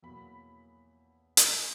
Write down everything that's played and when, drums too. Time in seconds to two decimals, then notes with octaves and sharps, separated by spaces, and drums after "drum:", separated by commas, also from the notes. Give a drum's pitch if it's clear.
0.03 E2 B2 F#3 A#3 B5
1.37 drum: hi-hat